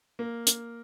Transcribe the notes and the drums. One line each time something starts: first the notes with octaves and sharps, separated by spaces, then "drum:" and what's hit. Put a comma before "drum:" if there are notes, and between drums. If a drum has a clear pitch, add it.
A#3
drum: hi-hat